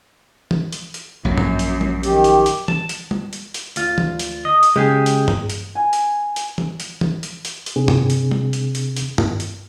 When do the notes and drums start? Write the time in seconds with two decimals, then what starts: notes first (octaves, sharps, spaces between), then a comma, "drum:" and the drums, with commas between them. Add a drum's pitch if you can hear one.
0.51 drum: tom E3
0.73 drum: hi-hat
0.94 drum: hi-hat
1.25 A#1 F#2 F#3
1.38 drum: tom G2
1.59 drum: hi-hat
1.81 drum: tom
2.03 D#3 G4, drum: hi-hat
2.24 drum: hi-hat
2.46 drum: hi-hat
2.68 A5, drum: tom E3
2.89 drum: hi-hat
3.11 drum: tom
3.33 drum: hi-hat
3.54 drum: hi-hat
3.76 D2 F4, drum: hi-hat
3.98 drum: tom E3
4.19 drum: hi-hat
4.45 D#5
4.63 drum: hi-hat
4.76 C#3 G#3 G4 G#4
5.06 drum: hi-hat
5.28 drum: tom G2
5.50 drum: hi-hat
5.75 G#5
5.93 drum: hi-hat
6.36 drum: hi-hat
6.58 drum: tom E3
6.80 drum: hi-hat
7.01 drum: tom E3
7.23 drum: hi-hat
7.45 drum: hi-hat
7.66 drum: hi-hat
7.76 C3 C4 D4 G#4
7.88 drum: tom G2
8.10 drum: hi-hat
8.31 drum: tom
8.53 drum: hi-hat
8.75 drum: hi-hat
8.96 drum: hi-hat
9.18 drum: tom G2
9.40 drum: hi-hat